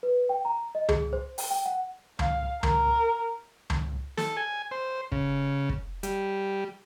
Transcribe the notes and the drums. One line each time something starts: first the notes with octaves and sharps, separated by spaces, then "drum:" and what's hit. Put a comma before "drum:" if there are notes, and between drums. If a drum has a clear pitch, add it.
B4
G5
A#5
D#5
G#4, drum: tom C#2
C5
G5, drum: open hi-hat
G5
F#5
F5, drum: tom C#2
A#4, drum: tom C#2
drum: tom C#2
A4, drum: snare
G#5
C5
C#3, drum: kick
drum: kick
G3, drum: hi-hat